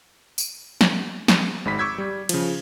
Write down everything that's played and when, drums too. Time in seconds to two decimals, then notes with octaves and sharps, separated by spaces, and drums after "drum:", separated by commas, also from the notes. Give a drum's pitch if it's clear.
0.38 drum: tambourine
0.81 drum: snare
1.28 drum: snare
1.65 G#1 G#2 B5 B6
1.79 C#6 D6 E6 G6 G#6 B6
1.98 G3
2.29 C#3 F3, drum: cymbal